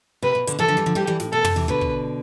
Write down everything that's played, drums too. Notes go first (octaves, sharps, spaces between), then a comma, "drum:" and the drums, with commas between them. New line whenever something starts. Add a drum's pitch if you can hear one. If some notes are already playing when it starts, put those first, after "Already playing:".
C3 B4
B2
B2 D3, drum: hi-hat
C3 E3 A4
D3 F3
E3 G3
D3 F3
E3 G3 G4
E3 G3
A2, drum: snare
B2 A4
C3, drum: tom
C3 E3
B2 D3 B4
drum: kick